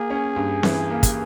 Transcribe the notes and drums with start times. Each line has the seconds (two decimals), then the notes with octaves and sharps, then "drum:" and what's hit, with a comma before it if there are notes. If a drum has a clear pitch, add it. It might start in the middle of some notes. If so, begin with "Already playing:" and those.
Already playing: A#3 G#4
0.10 C#4
0.36 G2
0.63 E3, drum: snare C4
0.90 A#3
1.03 drum: kick, hi-hat